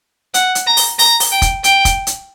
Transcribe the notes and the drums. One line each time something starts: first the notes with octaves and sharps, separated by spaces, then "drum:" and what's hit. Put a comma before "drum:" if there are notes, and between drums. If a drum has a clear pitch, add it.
F#5, drum: hi-hat
drum: hi-hat
A#5
drum: open hi-hat
A#5, drum: open hi-hat
drum: open hi-hat
G5
drum: kick, hi-hat
G5, drum: hi-hat
drum: kick, hi-hat
drum: hi-hat